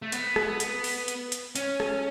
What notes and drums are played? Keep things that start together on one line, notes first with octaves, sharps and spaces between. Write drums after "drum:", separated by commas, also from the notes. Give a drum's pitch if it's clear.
A3
B3, drum: hi-hat
drum: rim click
drum: hi-hat
drum: open hi-hat
drum: hi-hat
drum: hi-hat
C#4, drum: hi-hat
drum: rim click